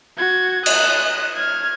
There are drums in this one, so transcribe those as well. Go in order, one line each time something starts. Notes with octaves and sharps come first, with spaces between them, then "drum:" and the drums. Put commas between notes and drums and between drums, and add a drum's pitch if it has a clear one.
F#4 G#6
D#6 F#6, drum: cymbal
F6 G#6